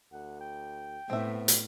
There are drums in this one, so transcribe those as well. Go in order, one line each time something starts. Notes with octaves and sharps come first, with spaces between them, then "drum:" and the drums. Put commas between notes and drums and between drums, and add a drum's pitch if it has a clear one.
D2 F#5
G5
A2 B3 C4 E5
drum: hi-hat